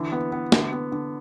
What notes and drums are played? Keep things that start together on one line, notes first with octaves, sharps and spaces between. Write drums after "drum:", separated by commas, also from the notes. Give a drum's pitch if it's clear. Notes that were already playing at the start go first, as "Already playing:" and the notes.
Already playing: D3 E3
B3
B3
D3, drum: snare
B3
D3